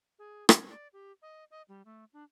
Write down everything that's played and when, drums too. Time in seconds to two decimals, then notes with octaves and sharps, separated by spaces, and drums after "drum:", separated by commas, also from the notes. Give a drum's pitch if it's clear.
0.19 G#4
0.49 C#4, drum: rim click
0.70 D5
0.93 G4
1.22 D#5
1.51 D#5
1.68 G3
1.85 A3
2.13 D4